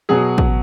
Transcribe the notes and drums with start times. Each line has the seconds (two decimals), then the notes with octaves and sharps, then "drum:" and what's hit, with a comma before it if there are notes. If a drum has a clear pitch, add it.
0.09 B2 F#3 G#4
0.38 drum: kick